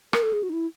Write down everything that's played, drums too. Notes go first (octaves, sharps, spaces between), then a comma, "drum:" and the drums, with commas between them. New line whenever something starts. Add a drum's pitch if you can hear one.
A#4, drum: rim click
A4
G#4
F#4
D#4
E4